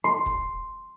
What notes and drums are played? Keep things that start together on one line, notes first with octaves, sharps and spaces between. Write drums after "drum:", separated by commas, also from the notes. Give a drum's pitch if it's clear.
C6
drum: kick